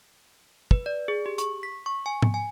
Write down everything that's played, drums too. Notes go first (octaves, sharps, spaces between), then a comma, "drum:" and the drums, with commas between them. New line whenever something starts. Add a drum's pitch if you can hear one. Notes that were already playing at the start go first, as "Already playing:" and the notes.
B4, drum: kick
D5
G#4
G4
C#6, drum: hi-hat
B6
C#6
G#5
drum: tom G#2
G#5